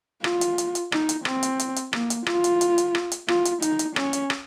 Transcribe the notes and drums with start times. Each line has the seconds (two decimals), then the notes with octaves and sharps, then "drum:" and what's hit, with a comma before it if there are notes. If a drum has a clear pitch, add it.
0.24 F4, drum: rim click
0.41 drum: hi-hat
0.58 drum: hi-hat
0.75 drum: hi-hat
0.92 D#4, drum: rim click
1.09 drum: hi-hat
1.25 C4, drum: rim click
1.43 drum: hi-hat
1.59 drum: hi-hat
1.76 drum: hi-hat
1.93 A#3, drum: rim click
2.10 drum: hi-hat
2.26 F4, drum: rim click
2.44 drum: hi-hat
2.61 drum: hi-hat
2.78 drum: hi-hat
2.95 drum: rim click
3.12 drum: hi-hat
3.28 F4, drum: rim click
3.45 drum: hi-hat
3.62 D#4, drum: hi-hat
3.79 drum: hi-hat
3.96 C#4, drum: rim click
4.13 drum: hi-hat
4.30 drum: rim click